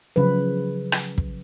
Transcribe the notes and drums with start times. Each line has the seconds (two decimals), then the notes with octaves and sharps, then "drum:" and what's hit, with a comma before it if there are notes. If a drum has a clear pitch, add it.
0.16 C#3 F3 F#3 B4
0.92 drum: rim click
1.18 drum: kick